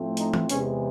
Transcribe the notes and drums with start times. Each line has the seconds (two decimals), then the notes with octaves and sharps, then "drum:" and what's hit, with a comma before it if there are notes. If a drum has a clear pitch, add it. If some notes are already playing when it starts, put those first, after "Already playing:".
Already playing: A2 F3 A3 C4
0.17 D#4, drum: hi-hat
0.34 drum: tom E3
0.49 E2 C3 E3 G#3 C#4, drum: hi-hat